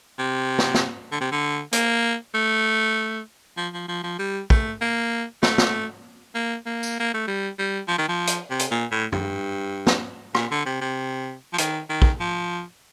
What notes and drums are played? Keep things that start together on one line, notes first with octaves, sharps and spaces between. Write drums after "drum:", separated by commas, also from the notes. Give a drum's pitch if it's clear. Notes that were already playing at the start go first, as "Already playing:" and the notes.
C3
drum: snare
drum: snare
D3
C3
D3
A#3, drum: hi-hat
A3
F3
F3
F3
F3
G3
A3, drum: kick
A#3
A3, drum: snare
drum: snare
A#3
A#3
drum: tambourine
A#3
A3
G3
G3
F3
D#3
F3
drum: hi-hat
C3
drum: hi-hat
A#2
A2
G2, drum: tom
drum: snare
A#2, drum: rim click
D3
C3
C3
F3
D#3, drum: hi-hat
D#3
drum: kick
F3